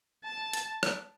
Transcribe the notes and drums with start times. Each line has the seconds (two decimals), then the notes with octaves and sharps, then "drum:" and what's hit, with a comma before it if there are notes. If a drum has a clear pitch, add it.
0.24 A5
0.53 drum: hi-hat
0.83 drum: rim click